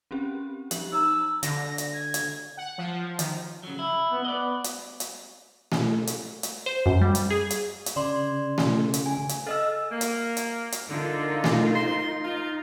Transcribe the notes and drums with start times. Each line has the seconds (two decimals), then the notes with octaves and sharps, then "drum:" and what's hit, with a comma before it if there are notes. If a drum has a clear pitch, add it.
0.11 C4 C#4 G4
0.71 F3 G4 F#7, drum: hi-hat
0.92 D#4 A#5 E6
1.43 D3 A#6, drum: hi-hat
1.78 drum: hi-hat
1.94 G#6
2.14 drum: hi-hat
2.57 F#5
2.78 F3
3.19 D#3, drum: hi-hat
3.63 C#3 F#3
3.79 E4
4.12 B3
4.25 B3 D5 D#5
4.64 drum: hi-hat
5.00 drum: hi-hat
5.72 drum: snare A3
6.07 drum: hi-hat
6.43 drum: hi-hat
6.66 C5
6.86 F#2
7.01 G3
7.15 drum: hi-hat
7.30 G#4
7.50 drum: hi-hat
7.86 drum: hi-hat
7.96 C#3 D5 C6
8.58 drum: snare A3
8.94 drum: hi-hat
9.06 G#5
9.29 drum: hi-hat
9.46 A4 D#5 F5 A5 E6
9.91 A#3
10.01 drum: hi-hat
10.37 drum: hi-hat
10.72 drum: hi-hat
10.89 D3 D#4 F4 A#4
11.44 drum: snare A3
11.74 C6
12.24 D#4 F4